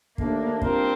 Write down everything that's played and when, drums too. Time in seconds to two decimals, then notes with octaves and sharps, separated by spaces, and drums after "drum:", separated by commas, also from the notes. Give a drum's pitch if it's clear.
0.18 D#2 D3 A3 A#3 D4, drum: kick
0.62 G3 C4 D4 F4 A#4, drum: kick